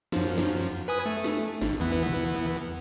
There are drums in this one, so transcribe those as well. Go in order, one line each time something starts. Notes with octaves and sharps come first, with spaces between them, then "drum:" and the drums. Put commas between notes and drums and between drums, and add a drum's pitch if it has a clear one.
F#2 F3, drum: snare
drum: snare
B4 G#5 D#6
A3
drum: snare
G#1, drum: snare
E2 E3 B3
drum: tom A#2